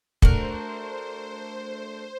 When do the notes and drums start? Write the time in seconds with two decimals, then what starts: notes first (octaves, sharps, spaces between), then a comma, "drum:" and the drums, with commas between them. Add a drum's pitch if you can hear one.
0.22 A3 D4 F#4 A#4 C5, drum: kick